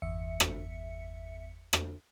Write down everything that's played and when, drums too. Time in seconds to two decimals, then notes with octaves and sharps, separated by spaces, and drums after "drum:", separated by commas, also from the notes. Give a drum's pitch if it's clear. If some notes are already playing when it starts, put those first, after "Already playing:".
0.02 G1 E2 E5 C#7
0.40 drum: rim click
1.73 drum: rim click